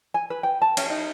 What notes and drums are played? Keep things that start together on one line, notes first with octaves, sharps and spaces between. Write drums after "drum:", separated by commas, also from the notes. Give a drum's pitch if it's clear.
G#5
B4
G5
A5
C#4, drum: cymbal
D#4